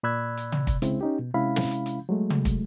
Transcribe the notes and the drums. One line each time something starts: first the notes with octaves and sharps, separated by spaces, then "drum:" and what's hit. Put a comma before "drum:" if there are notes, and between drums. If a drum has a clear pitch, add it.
A#2 D5 B5 E6 F#6 G#6
drum: hi-hat
drum: tom
drum: kick, hi-hat
C2 C#3 G#3 C4 E4, drum: hi-hat
C#4 D#4 G4
B2
C3 G#3 C#4 E4 F5 B5
drum: snare
drum: hi-hat
drum: hi-hat
F#3 G#3 A3
drum: tom
drum: kick, hi-hat